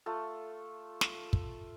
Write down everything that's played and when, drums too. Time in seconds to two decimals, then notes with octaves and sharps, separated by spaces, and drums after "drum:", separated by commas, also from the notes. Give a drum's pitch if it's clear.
0.06 A3 F4 A4
1.01 drum: snare
1.33 drum: kick